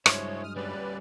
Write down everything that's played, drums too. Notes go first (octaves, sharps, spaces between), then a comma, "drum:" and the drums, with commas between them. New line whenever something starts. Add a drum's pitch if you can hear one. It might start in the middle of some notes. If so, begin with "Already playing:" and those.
G2 F#3 G#3 E4 C5 C#5, drum: rim click
D#6 F6
G3 C#4 B4 D5